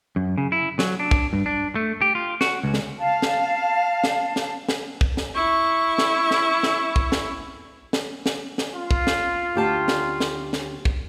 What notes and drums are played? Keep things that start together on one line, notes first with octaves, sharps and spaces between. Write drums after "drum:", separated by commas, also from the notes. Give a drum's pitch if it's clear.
F#2
C#3
E4
F#3, drum: snare
D4
drum: kick
G2
D4
A3
G4
F4
F#4, drum: snare
C#2
drum: snare
F5 A5
drum: snare
drum: snare
drum: snare
drum: snare
drum: kick
drum: snare
E4 C#6
drum: snare
drum: snare
drum: snare
drum: kick
drum: snare
drum: snare
drum: snare
drum: snare
F4
drum: kick
drum: snare
D2 G4 A5
drum: snare
drum: snare
drum: snare
drum: kick